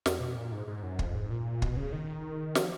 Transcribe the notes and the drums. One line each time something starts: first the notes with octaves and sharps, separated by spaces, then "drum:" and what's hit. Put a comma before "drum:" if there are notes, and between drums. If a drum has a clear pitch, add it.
F2, drum: snare
B2
A#2
G#2
G#2
F#2
F2, drum: kick
G#2
A#2
B2, drum: kick
C#3
D#3
F3, drum: snare